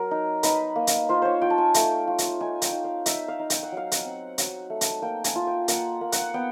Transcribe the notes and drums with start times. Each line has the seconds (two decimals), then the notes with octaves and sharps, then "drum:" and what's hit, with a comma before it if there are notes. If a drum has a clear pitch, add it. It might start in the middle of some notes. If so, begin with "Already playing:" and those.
Already playing: F#3 A#4
0.11 D#4
0.43 D#4 B4, drum: hi-hat
0.76 A#3
0.87 drum: hi-hat
1.09 F4 C5
1.22 C5 C#5
1.42 F4 G5
1.50 A5
1.58 G#5
1.74 A3 G5, drum: hi-hat
2.07 F4
2.18 drum: hi-hat
2.41 D#4 G#5
2.62 G5, drum: hi-hat
2.73 D#4
2.84 F5
3.06 D#4 E5, drum: hi-hat
3.28 F5
3.39 D#4
3.50 G5, drum: hi-hat
3.63 F#5
3.72 F#3 F5
3.92 F#5, drum: hi-hat
4.05 C4
4.38 F#3, drum: hi-hat
4.70 A3
4.81 drum: hi-hat
5.02 A#3 G5
5.24 G#5, drum: hi-hat
5.35 F4
5.47 G5
5.68 A#3 F#5, drum: hi-hat
6.01 A#3
6.12 F#5, drum: hi-hat
6.34 B3 G5